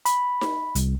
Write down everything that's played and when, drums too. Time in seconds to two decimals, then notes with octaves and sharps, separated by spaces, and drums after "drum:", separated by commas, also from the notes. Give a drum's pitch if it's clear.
0.05 B5, drum: hi-hat
0.41 drum: snare D#4
0.75 C2, drum: hi-hat